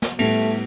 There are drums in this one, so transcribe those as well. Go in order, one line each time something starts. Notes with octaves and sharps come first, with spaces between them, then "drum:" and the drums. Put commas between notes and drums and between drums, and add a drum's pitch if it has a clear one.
drum: snare
A2 G3 A3 B3, drum: cymbal